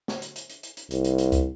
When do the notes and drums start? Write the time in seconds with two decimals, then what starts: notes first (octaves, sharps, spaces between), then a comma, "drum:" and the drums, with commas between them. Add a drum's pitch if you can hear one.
0.08 drum: snare
0.22 drum: hi-hat
0.36 drum: hi-hat
0.50 drum: hi-hat
0.63 drum: hi-hat
0.77 drum: hi-hat
0.91 C2, drum: hi-hat
1.05 drum: hi-hat
1.18 drum: hi-hat
1.32 drum: kick C#2, hi-hat